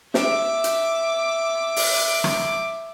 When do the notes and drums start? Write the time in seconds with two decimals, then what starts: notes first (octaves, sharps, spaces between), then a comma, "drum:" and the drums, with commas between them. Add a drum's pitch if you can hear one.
0.14 E5 D6, drum: snare
0.64 drum: hi-hat
1.76 drum: open hi-hat
2.24 drum: rim click